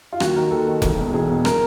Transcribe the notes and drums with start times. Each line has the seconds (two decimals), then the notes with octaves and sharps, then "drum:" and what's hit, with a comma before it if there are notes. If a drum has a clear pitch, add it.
0.13 F4
0.20 D#2 F#4, drum: rim click
0.36 D#3 A#4
0.51 D#2 A4
0.67 D#3
0.82 E1, drum: kick F1, hi-hat
0.98 E2 B2
1.13 E1 G#4
1.29 E2 B2
1.45 A#4, drum: rim click